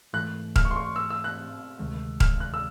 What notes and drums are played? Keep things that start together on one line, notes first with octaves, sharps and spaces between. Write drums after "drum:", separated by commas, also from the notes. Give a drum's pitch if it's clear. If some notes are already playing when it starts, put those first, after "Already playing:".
G#2 E3 A3 F#6
F6, drum: kick D#1
C#6
C6
C#6
E6
E6
F#6
D2 C3 D#3 G#3
F6, drum: kick D#1
F#6
E6